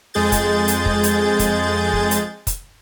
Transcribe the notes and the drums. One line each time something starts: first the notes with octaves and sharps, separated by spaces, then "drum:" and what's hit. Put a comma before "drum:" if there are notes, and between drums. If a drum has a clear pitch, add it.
F2 G#3 G#4 G6 A6
drum: kick, hi-hat
drum: hi-hat
drum: kick
drum: hi-hat
drum: kick, hi-hat
drum: kick
drum: hi-hat
drum: kick, hi-hat